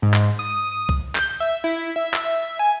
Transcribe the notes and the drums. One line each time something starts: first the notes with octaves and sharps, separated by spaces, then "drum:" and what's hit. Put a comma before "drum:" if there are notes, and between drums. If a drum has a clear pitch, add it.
G#2
drum: clap
D#6
drum: kick B1
G6, drum: clap
E5
E4
E5
drum: clap
E5
G#5